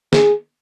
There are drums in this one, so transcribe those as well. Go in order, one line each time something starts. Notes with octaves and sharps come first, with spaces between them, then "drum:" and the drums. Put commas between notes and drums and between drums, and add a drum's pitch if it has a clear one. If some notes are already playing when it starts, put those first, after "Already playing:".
G#4, drum: snare